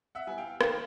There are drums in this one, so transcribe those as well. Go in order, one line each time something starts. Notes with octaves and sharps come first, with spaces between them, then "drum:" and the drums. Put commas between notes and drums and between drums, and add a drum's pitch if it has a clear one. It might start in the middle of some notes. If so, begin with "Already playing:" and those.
E5 F#5
G3 B3 E4 G#5
F5 G5
D#3 F5 G5, drum: rim click